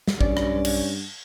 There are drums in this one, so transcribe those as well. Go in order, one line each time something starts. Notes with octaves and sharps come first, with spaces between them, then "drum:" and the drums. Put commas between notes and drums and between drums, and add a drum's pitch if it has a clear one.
drum: snare
B1 G2 C#4 D5, drum: kick G#1
drum: rim click
drum: cymbal